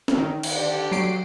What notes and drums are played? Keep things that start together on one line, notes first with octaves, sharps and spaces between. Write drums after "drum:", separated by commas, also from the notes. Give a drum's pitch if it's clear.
drum: snare
D#3
drum: cymbal
D3 G4 D5
F#3 C7 D7